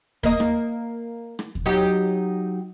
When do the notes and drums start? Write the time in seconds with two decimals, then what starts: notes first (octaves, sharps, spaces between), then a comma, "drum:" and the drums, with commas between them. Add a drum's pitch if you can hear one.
0.23 A#3 D#5, drum: kick D#2
0.40 drum: rim click
1.39 drum: rim click
1.55 drum: kick D#2
1.66 F#3 D#4 G4